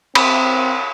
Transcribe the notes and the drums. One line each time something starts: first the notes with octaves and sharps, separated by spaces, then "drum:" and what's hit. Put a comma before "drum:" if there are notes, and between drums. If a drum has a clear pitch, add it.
C4 B5, drum: cymbal